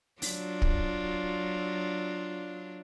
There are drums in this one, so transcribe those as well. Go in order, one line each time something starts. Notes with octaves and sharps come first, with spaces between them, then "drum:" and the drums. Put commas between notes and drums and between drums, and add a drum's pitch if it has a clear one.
F#3 D4 F4, drum: open hi-hat
drum: kick